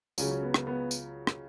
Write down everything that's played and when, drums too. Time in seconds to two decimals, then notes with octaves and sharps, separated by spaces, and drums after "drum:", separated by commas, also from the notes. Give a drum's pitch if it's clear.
0.18 C#2 C#3 F#3 C#4, drum: tambourine
0.31 C#4
0.43 B3
0.54 drum: rim click
0.67 B3
0.91 drum: tambourine
1.27 drum: rim click